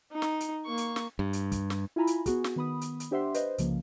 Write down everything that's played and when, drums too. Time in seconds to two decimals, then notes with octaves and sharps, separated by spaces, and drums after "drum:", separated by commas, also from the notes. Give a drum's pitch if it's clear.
0.12 D#4
0.22 drum: snare
0.40 drum: hi-hat
0.66 A#3 C#6
0.77 drum: hi-hat
0.96 drum: snare
1.19 G2
1.33 drum: hi-hat
1.52 drum: kick, hi-hat
1.70 drum: snare
1.96 E4 F4 G#5 A#5 B5
2.07 drum: hi-hat
2.26 B3 F#4 G#4, drum: kick, hi-hat
2.44 drum: snare
2.56 D#3 B3 B5 D#6
2.81 drum: hi-hat
3.00 drum: hi-hat
3.11 D4 G4 C5 E5 F#5 C6
3.34 B4 C5 D#5, drum: hi-hat
3.58 C2 C#3 F3 A#3, drum: hi-hat